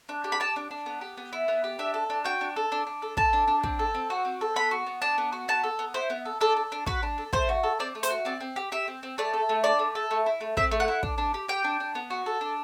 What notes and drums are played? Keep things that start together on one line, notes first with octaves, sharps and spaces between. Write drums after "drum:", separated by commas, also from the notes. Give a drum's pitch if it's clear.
D4
G4
B5
G4 A5
D4
D4
B3
G4
B3
E4
B3
G4
D4 E5
A4
D4
F#4 G5
D4
A4
D4
D4
A4
A4 A5, drum: kick
D4
D4
C4, drum: kick
A4
C4
F#4
C4
A4
B3 B5
F#4
B3
D4 A5
B3
F#4
B3 A5
A4
B3
E4 C5
B3
A4
D4 A4
A4
D4
F#4 B4, drum: kick
D4
A4
A3 C5, drum: kick
F#4
A4
C4 D5
A3
C5, drum: hi-hat
F#4
C4 D5
C4
G4
G4 E5
C4
C4
A3 D5
A4
A3
D4 D5
A3
A4
A3
E4
A3
C4 E5, drum: kick
A3
F#5
E4
D4, drum: kick
D4
G4
G4 G5
D4
D4
B3
F#4
A4
D4